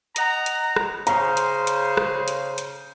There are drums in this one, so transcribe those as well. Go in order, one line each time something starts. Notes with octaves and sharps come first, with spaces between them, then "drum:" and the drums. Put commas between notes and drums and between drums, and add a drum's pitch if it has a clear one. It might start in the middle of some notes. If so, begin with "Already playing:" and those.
D#5 F#5 A#5, drum: hi-hat
drum: hi-hat
drum: rim click
C#3 C5 A#5, drum: hi-hat
drum: hi-hat
drum: hi-hat
drum: rim click
drum: hi-hat
drum: hi-hat